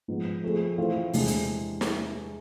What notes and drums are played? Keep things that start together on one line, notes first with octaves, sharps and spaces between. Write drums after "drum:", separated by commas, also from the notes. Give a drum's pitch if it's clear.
G#2 F3 B3
F3 A3 C4 G#4
E3 A3 C4 F4
E2 C3 G#3 D4 G#4, drum: open hi-hat
drum: hi-hat
drum: snare